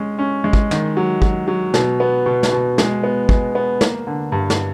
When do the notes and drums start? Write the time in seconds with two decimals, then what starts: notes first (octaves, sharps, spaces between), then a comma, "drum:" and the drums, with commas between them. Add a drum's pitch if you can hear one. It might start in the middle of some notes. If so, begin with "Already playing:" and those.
Already playing: G#3 C#4
0.19 C#4
0.44 G#3
0.53 drum: kick
0.71 D#3, drum: snare
0.97 F#3
1.22 F#3, drum: kick
1.48 F#3
1.74 B2, drum: snare
2.00 B3
2.26 B2
2.43 drum: snare
2.52 B2
2.78 G#3, drum: snare
3.03 B3
3.29 G#3, drum: kick
3.55 B3
3.81 A#3, drum: snare
4.07 D3
4.32 G2
4.50 drum: snare